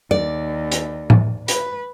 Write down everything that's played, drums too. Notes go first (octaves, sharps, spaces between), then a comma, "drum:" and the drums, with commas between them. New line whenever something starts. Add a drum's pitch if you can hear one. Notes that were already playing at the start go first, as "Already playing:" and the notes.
D#2 D5
drum: hi-hat
drum: tom A2
B4, drum: hi-hat